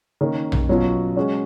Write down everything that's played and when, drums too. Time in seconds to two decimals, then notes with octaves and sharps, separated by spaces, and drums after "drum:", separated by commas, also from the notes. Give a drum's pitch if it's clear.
0.21 D#3 A#3 C#4
0.52 drum: tom A#1
0.69 B2 F#3 C#4 F4
1.17 G#3 C#4 F#4